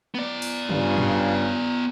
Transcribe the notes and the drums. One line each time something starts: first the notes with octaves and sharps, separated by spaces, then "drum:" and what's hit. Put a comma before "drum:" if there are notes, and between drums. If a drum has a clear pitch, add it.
B3 D5
drum: open hi-hat
G2 C#3 F4, drum: tom
drum: tom